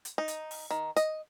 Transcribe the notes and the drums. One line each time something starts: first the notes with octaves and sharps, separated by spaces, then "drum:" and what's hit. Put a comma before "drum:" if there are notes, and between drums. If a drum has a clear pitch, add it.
drum: hi-hat
D#4
drum: hi-hat
drum: open hi-hat
D#3
D#5, drum: hi-hat